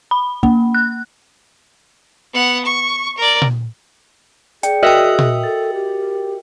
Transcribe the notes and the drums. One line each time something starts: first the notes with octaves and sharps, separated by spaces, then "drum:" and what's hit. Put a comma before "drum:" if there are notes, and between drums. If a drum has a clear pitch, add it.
B5
A#3, drum: kick
F#6
B3 F#5
C#6
A#4 D5
drum: tom A#2
G#4 D5 G5 C#7, drum: hi-hat
F#4 A#4 D#5 E5 G5 F6 F#6 A#6
drum: tom A#2
A4 A6
G4